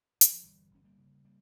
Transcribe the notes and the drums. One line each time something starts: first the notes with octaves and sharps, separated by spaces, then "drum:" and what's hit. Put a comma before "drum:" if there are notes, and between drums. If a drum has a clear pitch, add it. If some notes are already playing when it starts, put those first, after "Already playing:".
E3, drum: hi-hat
F3
G1 E3 G3
G1 C#4
G3 A#3
C#3
G3 A#3